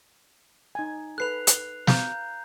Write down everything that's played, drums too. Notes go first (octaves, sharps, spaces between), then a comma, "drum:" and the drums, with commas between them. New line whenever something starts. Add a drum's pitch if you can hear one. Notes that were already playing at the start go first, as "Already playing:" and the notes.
D#4 G#5
A4 B4 F#6 C7 F7
drum: hi-hat
F5 A#5 G6, drum: snare